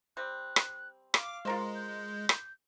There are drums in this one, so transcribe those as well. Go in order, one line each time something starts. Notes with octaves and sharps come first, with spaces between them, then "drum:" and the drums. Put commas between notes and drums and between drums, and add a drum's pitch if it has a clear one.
G3 C4 F#6
drum: rim click
F5 D6, drum: rim click
G#3 F4 A#4 C5
G6
drum: rim click